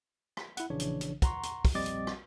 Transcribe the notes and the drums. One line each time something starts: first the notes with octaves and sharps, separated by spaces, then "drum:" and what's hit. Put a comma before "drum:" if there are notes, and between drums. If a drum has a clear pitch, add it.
drum: rim click
E4 F#5, drum: hi-hat
A#1 C#3 E3 D4 C#5
drum: hi-hat
drum: hi-hat
F#5 A#5 C6 C#6, drum: kick, hi-hat
drum: hi-hat
drum: kick, open hi-hat
A#1 G3 C4 D#5 D6 A6
drum: hi-hat
drum: rim click